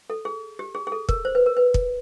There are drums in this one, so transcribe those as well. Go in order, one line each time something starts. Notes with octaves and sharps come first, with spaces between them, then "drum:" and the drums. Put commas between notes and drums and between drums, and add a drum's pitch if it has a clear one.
A4
G#4
G4
G#4
G#4
A4
A#4, drum: kick
C5
B4
A#4
B4
drum: kick